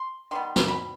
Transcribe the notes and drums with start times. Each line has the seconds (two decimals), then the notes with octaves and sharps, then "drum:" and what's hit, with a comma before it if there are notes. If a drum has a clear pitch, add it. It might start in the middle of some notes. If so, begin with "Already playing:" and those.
Already playing: C6
0.31 D#3 G3 B3 C6
0.56 drum: snare
0.68 B5